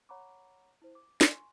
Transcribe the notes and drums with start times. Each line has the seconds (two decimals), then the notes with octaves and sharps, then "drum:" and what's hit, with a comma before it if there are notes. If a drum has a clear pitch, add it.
0.09 C#5 F#5 A#5 B5 C#6 D6
0.82 E4 C5
0.95 D6
1.21 G#5 C6 C#6, drum: snare